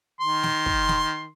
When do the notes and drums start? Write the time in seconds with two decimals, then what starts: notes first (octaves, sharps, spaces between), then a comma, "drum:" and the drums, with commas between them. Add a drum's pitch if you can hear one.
0.21 D#3 C6
0.43 drum: snare
0.66 drum: kick
0.89 drum: snare